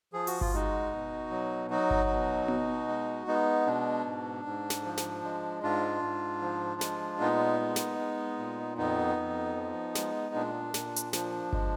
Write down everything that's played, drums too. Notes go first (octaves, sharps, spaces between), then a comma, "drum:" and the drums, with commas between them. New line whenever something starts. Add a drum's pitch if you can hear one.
F3 G#4
F#4, drum: open hi-hat
F4, drum: kick G1
G#3 D#4 F#4
B2
F#3
F#3 D#4 F#4
drum: kick G1
B2
B2, drum: tom B3
G#3
G#3 B3 D#4
B2 D4
G#2
G#2
drum: snare
F3
drum: snare
G#3
G#2 D4 F4
G#2
F3
G#3, drum: snare
A#2 B3 D#4
G#3
drum: snare
G#3
A#2
F2 B3 D#4
F2
F3
G#3, drum: snare
A#2 D4
A#2, drum: snare
drum: hi-hat
F3 D4, drum: snare
G#3, drum: kick G1